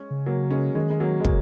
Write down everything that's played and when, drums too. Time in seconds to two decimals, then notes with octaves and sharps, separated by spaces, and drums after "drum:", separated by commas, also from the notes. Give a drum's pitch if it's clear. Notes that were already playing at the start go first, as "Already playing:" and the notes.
Already playing: G#3 C#4
0.10 C#3
0.26 F#3 A#3
0.50 G#3 C#4
0.75 D#3 G#3 C#4
0.90 G#3
1.00 F#3 A#3
1.20 G#3
1.25 C#3 F#3 A#3, drum: kick